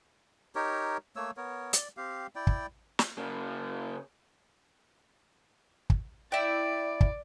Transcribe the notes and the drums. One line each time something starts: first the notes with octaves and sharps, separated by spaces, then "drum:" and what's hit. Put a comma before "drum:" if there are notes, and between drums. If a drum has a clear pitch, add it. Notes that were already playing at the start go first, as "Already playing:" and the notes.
D#4 G4 A#4 C#5
A3 A#3 C#5 E6
B3 A#4 C#5
D5, drum: hi-hat
C4 G4 F5
E4 D5 G5
drum: kick
drum: snare
C#3 A#3
drum: kick
E4 D5 G5
drum: kick